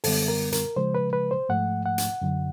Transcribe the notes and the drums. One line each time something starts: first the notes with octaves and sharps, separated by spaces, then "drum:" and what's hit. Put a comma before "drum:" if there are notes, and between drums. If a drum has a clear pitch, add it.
F#2 D3 G3 B3 A4, drum: open hi-hat
A#4
A#4, drum: hi-hat
C#3 F3 G#3 C5
B4
B4
C5
G#2 F3 A3 F#5
F#5
drum: hi-hat
F#2 D3 F#3